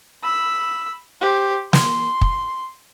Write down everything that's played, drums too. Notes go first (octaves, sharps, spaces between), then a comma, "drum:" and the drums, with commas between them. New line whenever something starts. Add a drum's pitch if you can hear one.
B5 E6
G4 C5
C6, drum: snare
drum: kick